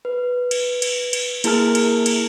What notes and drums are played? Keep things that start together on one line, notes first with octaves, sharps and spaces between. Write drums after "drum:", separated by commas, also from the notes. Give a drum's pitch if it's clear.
B4
drum: cymbal
drum: cymbal
drum: cymbal
A#3 E4 G#4 A#4 A5 F6, drum: cymbal
drum: cymbal
drum: cymbal